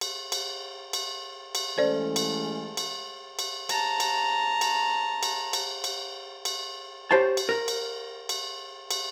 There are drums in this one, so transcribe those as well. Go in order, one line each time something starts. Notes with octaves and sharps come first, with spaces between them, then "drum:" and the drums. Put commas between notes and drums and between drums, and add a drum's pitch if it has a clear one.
drum: cymbal
drum: cymbal
drum: cymbal
drum: cymbal
E3 G#3 A3 C#4 A4 C5 D5
drum: cymbal
drum: cymbal
drum: cymbal
A5 A#5, drum: cymbal
drum: cymbal
drum: cymbal
drum: cymbal
drum: cymbal
drum: cymbal
drum: cymbal
G4 C5 C#5 A5
drum: cymbal
A#4
drum: cymbal
drum: cymbal
drum: cymbal